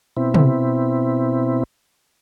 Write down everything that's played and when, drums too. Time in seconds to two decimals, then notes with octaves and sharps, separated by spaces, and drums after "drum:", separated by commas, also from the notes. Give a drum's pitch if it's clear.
0.17 B2 C4 E4
0.34 drum: tom